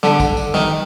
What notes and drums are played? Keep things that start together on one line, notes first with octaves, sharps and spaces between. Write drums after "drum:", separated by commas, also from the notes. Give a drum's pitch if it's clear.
D3, drum: snare
drum: kick, tambourine
drum: tambourine
D#3, drum: snare